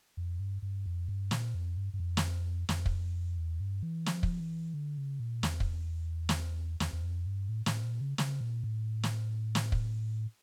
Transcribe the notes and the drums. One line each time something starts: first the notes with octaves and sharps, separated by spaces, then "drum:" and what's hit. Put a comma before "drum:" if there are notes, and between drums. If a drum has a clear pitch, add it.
F2
G2
G2
F2
G2
A#2, drum: snare
F2
G2
G2
F2
drum: snare
F2, drum: snare
drum: kick
E2
G2
E3
F3, drum: snare
drum: kick
E3
D3
C#3
A#2
E2, drum: snare
drum: kick
drum: snare
E2, drum: snare
E2
F2
G2
A2
A2, drum: snare
A#2
C#3
C#3, drum: snare
A#2
A2
drum: snare
drum: snare
drum: kick